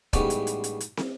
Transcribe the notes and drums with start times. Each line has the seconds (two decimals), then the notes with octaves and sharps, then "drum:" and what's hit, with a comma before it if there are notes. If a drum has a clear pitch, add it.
0.13 A1 G#2 G3 B3 C#4 D5, drum: kick, hi-hat
0.30 drum: hi-hat
0.47 drum: hi-hat
0.64 drum: hi-hat
0.80 drum: hi-hat
0.97 drum: snare